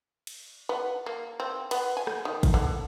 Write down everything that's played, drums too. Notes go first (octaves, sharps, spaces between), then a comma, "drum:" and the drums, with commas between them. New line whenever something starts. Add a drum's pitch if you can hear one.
drum: cymbal
B3
A#3
C4
B3, drum: cymbal
G#5
drum: rim click
D#3
drum: kick, cymbal
D3